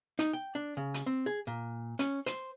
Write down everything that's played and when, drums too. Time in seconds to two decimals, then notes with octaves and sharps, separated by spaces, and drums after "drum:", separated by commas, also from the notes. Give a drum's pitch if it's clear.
0.19 D#4, drum: hi-hat
0.33 G5
0.55 D4
0.77 C#3
0.94 drum: hi-hat
1.06 C4
1.26 G#4
1.47 A#2
1.99 C#4, drum: hi-hat
2.26 C5, drum: hi-hat